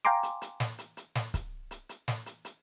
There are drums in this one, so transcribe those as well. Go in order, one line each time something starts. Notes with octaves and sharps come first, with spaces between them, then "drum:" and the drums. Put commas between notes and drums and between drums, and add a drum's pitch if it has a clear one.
F5 G5 G#5 A#5 C6 D6
drum: hi-hat
drum: hi-hat
drum: snare
drum: hi-hat
drum: hi-hat
drum: snare
drum: kick, hi-hat
drum: hi-hat
drum: hi-hat
drum: snare
drum: hi-hat
drum: hi-hat